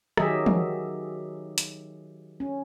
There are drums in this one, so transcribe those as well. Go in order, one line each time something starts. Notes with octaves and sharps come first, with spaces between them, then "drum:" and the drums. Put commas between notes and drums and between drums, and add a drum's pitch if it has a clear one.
D#3 F#3 G4 G#4 D#5 E5, drum: rim click
drum: tom
drum: hi-hat
C#4